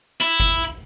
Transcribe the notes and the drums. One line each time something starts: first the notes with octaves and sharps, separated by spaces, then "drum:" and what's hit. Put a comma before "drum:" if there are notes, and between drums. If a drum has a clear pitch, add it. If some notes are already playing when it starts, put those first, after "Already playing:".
E4
drum: kick G1, hi-hat